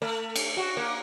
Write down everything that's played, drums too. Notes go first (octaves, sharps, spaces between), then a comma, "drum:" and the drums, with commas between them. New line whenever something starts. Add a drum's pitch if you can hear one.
A3
drum: cymbal
F#4
A#3